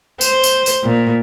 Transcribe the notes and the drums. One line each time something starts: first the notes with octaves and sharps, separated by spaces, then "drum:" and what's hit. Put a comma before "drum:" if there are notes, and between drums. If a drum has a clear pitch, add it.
C5, drum: tambourine
drum: tambourine
drum: tambourine
A#2